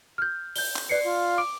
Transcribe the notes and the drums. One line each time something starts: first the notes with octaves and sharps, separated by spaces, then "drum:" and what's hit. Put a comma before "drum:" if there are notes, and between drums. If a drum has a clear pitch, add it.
F6 G6
G6 G7, drum: open hi-hat
drum: clap
B4 D5 C7 C#7
F4
D6 D7